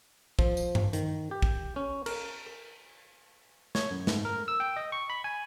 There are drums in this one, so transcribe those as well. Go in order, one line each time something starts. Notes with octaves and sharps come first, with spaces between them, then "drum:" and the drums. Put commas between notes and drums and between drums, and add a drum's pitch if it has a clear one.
F3, drum: kick
drum: tambourine
drum: tom G2
D#3, drum: hi-hat
G4
drum: kick
C#4
A#4, drum: cymbal
C#5, drum: snare
F#2
G#2, drum: snare
A#4
E6
G5
D#5
C#6
B5
G#5